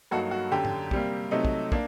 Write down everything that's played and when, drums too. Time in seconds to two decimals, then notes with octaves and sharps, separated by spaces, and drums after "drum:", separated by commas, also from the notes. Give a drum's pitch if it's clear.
0.11 G2 F#3 A#3 D#4 F#4 A4
0.31 F#4
0.51 F#2 D3 F#3 G4
0.65 drum: tom G#2
0.91 C3 G3 A#3, drum: kick
1.31 C3 F#3 A3 D#4
1.45 drum: kick
1.72 A#3 D4, drum: kick